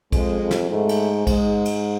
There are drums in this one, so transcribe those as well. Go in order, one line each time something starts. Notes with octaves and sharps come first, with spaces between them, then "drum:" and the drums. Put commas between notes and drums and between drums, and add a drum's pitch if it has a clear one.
F2 G#3, drum: kick A1, cymbal
F2
drum: snare
G#2 A3
drum: cymbal
G#2 G#3, drum: kick A1, cymbal
drum: cymbal